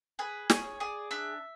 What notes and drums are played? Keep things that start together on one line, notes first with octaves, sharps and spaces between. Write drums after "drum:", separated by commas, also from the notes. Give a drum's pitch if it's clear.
G#4 B4
G#4 C#5, drum: snare
G#4 D5
D4 E5